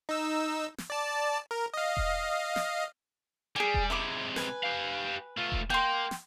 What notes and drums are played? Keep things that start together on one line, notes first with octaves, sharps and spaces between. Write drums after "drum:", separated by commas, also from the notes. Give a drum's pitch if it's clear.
D#4 E6
drum: snare
D5 A5
A#4
D#5 F5
drum: kick E1
drum: snare
G3 G#4 G#5
drum: kick E1
C3 G#3 E5 B5 D6
B4 G#5, drum: snare
G4 F5
A3 F4
drum: kick E1
A#3 G5 C6
drum: snare